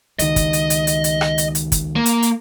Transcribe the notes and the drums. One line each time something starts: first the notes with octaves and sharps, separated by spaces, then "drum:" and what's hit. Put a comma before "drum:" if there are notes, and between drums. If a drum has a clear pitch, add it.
C#2 D#3 D#5, drum: hi-hat
drum: kick, hi-hat
drum: hi-hat
drum: hi-hat
drum: hi-hat
drum: hi-hat
drum: rim click
drum: hi-hat
drum: hi-hat
drum: kick, hi-hat
A#3
drum: hi-hat
drum: hi-hat